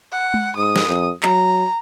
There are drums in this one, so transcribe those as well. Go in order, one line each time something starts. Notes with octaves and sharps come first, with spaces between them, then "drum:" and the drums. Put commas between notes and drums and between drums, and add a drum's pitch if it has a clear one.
F#5
drum: tom G#3
G#2 D#6
drum: snare
F2
F#3 A#5, drum: clap